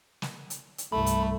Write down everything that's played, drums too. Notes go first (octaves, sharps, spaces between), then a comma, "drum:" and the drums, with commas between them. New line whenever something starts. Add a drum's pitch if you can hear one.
drum: snare
drum: hi-hat
drum: hi-hat
C2 G2 A3 B5
drum: hi-hat